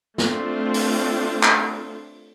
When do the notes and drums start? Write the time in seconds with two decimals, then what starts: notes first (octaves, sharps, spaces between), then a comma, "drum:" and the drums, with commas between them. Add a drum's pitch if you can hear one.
0.18 A3 C4 D4 F4, drum: snare
0.74 drum: open hi-hat
1.43 drum: clap